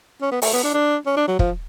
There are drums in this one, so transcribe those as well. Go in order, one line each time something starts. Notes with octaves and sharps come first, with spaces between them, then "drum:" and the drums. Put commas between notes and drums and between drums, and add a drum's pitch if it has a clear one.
C#4
B3
A3, drum: open hi-hat
B3
D4
D4
C#4
D4
F#3
F3, drum: kick